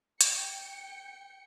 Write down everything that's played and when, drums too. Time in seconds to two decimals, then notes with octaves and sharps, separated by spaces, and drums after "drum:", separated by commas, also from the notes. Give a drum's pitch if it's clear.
0.21 G5 C#7, drum: hi-hat